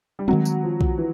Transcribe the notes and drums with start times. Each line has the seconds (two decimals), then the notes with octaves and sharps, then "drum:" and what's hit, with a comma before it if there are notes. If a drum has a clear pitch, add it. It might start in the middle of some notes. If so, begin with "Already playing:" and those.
0.19 G3
0.28 D#3 F#3 G#3 C4
0.45 drum: tambourine
0.63 F3
0.81 drum: kick B1
0.98 E3